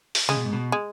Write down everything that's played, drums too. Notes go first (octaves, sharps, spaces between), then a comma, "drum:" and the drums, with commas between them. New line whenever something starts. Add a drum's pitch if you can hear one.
drum: open hi-hat
C#3 G#3
B2
G#2
B2
G#3